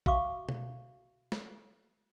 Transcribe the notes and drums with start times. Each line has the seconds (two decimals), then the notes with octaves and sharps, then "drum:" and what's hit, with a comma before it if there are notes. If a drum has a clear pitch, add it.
0.06 F#4 E5 F5 C#6 D6, drum: kick A1
0.49 drum: tom B2
1.32 drum: snare